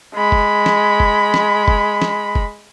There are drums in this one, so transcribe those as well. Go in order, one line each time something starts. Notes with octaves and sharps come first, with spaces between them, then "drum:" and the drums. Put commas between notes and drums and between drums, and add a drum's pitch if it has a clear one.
G#3 B5
drum: kick
drum: snare
drum: kick
drum: snare
drum: kick
drum: snare
drum: kick